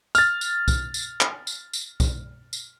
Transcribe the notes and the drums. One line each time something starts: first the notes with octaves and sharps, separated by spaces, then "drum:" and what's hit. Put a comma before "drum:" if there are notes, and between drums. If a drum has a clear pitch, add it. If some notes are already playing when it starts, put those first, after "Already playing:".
F6 A6, drum: tambourine
drum: tambourine
drum: kick B1, tambourine
drum: tambourine
drum: clap
drum: tambourine
drum: tambourine
drum: kick B1, tambourine
drum: tambourine